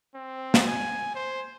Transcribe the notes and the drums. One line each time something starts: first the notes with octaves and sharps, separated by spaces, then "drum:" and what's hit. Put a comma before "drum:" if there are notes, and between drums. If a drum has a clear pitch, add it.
C4
drum: snare
G#5
C5